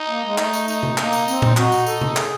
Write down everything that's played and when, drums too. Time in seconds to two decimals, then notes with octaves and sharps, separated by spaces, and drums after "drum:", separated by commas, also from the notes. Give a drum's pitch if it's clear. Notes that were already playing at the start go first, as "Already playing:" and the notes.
Already playing: D#4
0.09 A#3
0.24 G#3
0.38 A3 D#4, drum: clap
0.53 drum: tambourine
0.68 D#4, drum: tambourine
0.83 drum: tom C3
0.98 A#3 D#4, drum: clap
1.13 drum: tambourine
1.28 C4, drum: tambourine
1.42 drum: tom A#2
1.57 D#4 F#4, drum: clap
1.72 drum: tambourine
1.86 A4, drum: tambourine
2.01 drum: tom C3
2.16 G#4, drum: clap